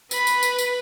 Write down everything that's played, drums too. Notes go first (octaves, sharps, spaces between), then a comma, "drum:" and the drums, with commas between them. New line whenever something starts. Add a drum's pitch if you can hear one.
B4 B5, drum: tambourine
drum: tambourine
drum: tambourine
drum: tambourine